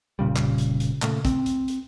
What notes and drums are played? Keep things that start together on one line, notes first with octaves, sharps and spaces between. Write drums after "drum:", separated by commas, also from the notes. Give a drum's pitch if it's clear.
F1 A#2 C#3 G3
drum: clap
drum: hi-hat
drum: hi-hat
A#2 C#3 A3, drum: clap
C4, drum: kick, hi-hat
drum: hi-hat
drum: hi-hat